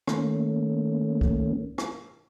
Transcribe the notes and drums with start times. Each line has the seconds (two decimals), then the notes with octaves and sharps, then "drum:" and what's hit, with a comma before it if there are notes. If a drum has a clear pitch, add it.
0.07 D#3 A3 A#3 C#4, drum: rim click
1.21 drum: kick C2
1.78 drum: rim click